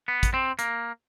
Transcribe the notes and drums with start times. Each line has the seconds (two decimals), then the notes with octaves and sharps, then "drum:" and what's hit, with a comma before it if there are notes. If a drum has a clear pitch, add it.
0.08 B3
0.23 drum: kick, hi-hat
0.34 C4
0.59 A#3, drum: hi-hat